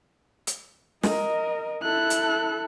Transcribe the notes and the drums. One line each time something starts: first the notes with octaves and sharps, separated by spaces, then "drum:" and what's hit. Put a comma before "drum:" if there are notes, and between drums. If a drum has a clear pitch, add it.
drum: hi-hat
A#4 D#5, drum: snare
E4 A4 F#6
drum: hi-hat